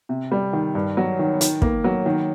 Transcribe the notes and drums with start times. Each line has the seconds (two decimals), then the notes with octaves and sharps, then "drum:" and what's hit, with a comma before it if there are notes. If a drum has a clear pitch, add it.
0.09 C3
0.32 G3
0.53 D#3
0.75 G2
0.97 F#3
1.19 D#3
1.41 D#3, drum: hi-hat
1.62 A#3, drum: kick
1.84 F#3
2.06 D#3